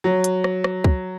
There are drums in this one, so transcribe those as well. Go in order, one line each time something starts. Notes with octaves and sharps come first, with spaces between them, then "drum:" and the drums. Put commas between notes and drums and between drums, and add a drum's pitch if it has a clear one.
F#3
drum: hi-hat
drum: rim click
drum: rim click
drum: kick